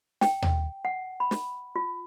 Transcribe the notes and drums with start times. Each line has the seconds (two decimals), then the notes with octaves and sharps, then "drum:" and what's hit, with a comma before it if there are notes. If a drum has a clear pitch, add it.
0.21 G5, drum: snare
0.42 drum: tom D#2
0.85 F#5
1.20 B5
1.31 drum: snare
1.76 F4